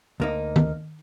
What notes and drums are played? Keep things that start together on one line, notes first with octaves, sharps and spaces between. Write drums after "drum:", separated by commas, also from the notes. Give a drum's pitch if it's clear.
D2 A#3 D#4
drum: tom D#3